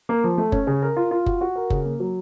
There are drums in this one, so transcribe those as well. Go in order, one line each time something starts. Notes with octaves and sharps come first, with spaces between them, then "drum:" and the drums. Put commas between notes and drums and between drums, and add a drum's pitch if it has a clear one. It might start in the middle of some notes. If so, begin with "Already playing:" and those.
A#3
F3
A3
C#4, drum: kick F#1
C#3
A#4
F4
F4
F#4, drum: kick F#1
F#4
A#4
C#3, drum: kick F#1
A#3
F#3